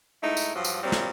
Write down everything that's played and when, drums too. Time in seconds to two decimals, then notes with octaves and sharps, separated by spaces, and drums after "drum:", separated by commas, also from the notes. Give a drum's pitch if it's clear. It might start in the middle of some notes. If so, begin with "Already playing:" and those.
0.23 G#2 A3 D#4 E4
0.37 drum: tambourine
0.55 G2 F3 F#3 F4
0.64 drum: tambourine
0.83 A#2 F#3 G3 C4
0.92 drum: snare